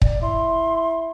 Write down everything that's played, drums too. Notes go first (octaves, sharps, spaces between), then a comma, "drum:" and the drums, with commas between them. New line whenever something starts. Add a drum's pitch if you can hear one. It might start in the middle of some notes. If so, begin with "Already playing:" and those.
D5, drum: kick
E4 C6